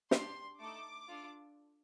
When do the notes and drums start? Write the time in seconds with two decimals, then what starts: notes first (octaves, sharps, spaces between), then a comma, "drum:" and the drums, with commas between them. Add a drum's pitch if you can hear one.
0.11 D4 G4 C6, drum: snare
0.59 A3 D#4 A4 D6
1.08 D4 F4 A4